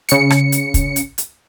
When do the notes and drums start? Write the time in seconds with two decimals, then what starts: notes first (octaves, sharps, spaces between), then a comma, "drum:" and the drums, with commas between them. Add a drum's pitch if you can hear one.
0.09 C#3 C#7, drum: hi-hat
0.30 drum: rim click
0.52 drum: hi-hat
0.74 drum: kick, hi-hat
0.96 drum: hi-hat
1.18 drum: hi-hat